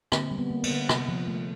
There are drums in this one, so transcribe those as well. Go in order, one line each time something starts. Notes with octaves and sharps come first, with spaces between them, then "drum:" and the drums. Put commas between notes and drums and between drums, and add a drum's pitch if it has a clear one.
D3 A#3 C4, drum: rim click
G3
B3
A#3
B3, drum: cymbal
D3
C3, drum: rim click
F3
A3